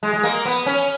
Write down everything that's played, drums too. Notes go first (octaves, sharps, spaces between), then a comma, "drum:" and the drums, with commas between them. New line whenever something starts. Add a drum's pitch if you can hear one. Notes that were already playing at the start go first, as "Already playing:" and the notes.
G#3
G#3
A#3, drum: hi-hat
B3
C#4